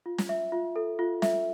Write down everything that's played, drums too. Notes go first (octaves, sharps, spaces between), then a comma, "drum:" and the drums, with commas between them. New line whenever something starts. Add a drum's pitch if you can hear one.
F4
drum: snare
E5
F4
A4
F4
E5, drum: snare